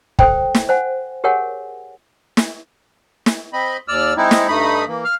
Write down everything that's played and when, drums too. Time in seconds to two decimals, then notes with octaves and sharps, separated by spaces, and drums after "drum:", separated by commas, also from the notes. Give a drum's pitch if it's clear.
0.19 A4 C5 G5, drum: kick
0.55 drum: snare
0.69 C5 F#5 G#5
1.24 G4 G#4 A#4 C#5 F#5 G#5
2.37 drum: snare
3.26 drum: snare
3.53 C4 D#5 B5
3.88 D#2 D5 E6 F6
4.17 G#3 C4 D#4 E4
4.31 drum: snare
4.48 G2 A3 D#4 B5 D#6
4.87 E3 A#3
5.04 F5 F6